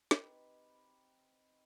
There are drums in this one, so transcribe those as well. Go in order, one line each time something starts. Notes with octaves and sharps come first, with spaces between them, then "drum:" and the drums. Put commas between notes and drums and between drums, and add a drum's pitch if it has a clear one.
C4 D#4 G4 B4, drum: snare